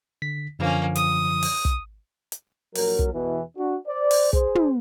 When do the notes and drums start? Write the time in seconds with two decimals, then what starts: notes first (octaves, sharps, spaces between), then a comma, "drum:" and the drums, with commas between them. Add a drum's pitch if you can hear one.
0.22 D3 B6
0.59 F#2 D3 F3 A#3 C#4
0.96 D#6, drum: hi-hat
1.43 drum: open hi-hat
1.65 drum: kick
2.32 drum: hi-hat
2.75 A#1 F#3 A#4, drum: open hi-hat
2.99 drum: kick
3.14 E2 B2 E3
3.58 D4 F#4
3.87 C5 D5
4.11 drum: open hi-hat
4.33 G#4 C5, drum: kick
4.55 drum: tom